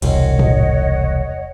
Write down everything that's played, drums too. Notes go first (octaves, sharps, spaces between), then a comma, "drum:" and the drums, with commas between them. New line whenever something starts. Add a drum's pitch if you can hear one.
E1 C2 C#5 D#5 F#5, drum: cymbal
drum: tom